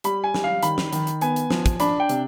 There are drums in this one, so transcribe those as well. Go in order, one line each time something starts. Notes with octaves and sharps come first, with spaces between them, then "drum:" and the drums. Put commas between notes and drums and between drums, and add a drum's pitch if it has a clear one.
G3 B5, drum: hi-hat
G#5
G3, drum: snare
F5
D#3 B5, drum: hi-hat
drum: snare
D#3, drum: hi-hat
drum: hi-hat
B3 G#5, drum: hi-hat
drum: hi-hat
F3, drum: snare
drum: kick, hi-hat
D4 B5, drum: hi-hat
G5
C3, drum: hi-hat